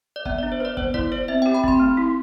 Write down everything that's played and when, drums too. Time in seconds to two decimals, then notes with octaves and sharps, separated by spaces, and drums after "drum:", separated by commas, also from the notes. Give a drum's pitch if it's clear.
0.16 D5
0.25 B3 E5, drum: kick
0.38 D5
0.43 D4
0.52 C5
0.60 B4 D5
0.77 B3 C5, drum: kick
0.94 E4 D5, drum: kick
1.12 C5 D5
1.28 C4 E5
1.42 G4 G5
1.55 B5
1.64 C4 C6, drum: kick
1.80 A3
1.97 E4